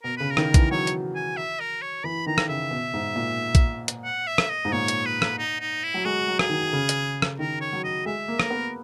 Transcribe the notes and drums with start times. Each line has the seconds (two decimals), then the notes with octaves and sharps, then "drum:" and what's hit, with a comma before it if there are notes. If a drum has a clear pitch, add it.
0.03 B2 A#4
0.17 C#3 B4
0.31 A#4
0.37 D#3, drum: rim click
0.54 E3, drum: kick A#1, hi-hat
0.71 F#3 C#5
0.87 drum: hi-hat
1.15 G#5
1.37 E5
1.60 A#4
1.82 C#5
2.04 E3 B5
2.26 D#3 A#5
2.38 drum: rim click
2.49 C#3 E5
2.71 B2
2.94 G#2
3.16 A#2
3.55 drum: kick A#1, hi-hat
3.88 drum: hi-hat
4.04 F#5
4.27 E5
4.38 drum: rim click
4.50 D#5
4.65 G#2
4.72 A#2 C#5
4.88 drum: hi-hat
5.06 B4
5.22 drum: rim click
5.38 D#4
5.60 D#4
5.83 E4
5.94 F#3
6.05 G#3 F#4
6.28 F#3
6.39 G#4, drum: rim click
6.49 D#3
6.73 C#3
6.89 drum: hi-hat
7.22 drum: rim click
7.39 D#3 A#4
7.61 C#5
7.73 F#3
7.84 D#5
8.06 G#3 E5
8.28 A#3
8.40 A#4, drum: rim click
8.50 B3